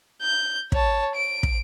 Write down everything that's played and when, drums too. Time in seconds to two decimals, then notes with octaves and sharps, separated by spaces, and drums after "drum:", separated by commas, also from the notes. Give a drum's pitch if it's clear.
0.21 G6
0.72 C#5 A5, drum: kick
1.15 D7
1.43 drum: kick